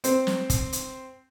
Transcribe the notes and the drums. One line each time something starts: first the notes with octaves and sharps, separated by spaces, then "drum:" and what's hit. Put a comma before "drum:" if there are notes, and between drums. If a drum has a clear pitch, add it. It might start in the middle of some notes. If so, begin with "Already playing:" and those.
C4, drum: hi-hat
drum: snare
drum: kick, hi-hat
drum: hi-hat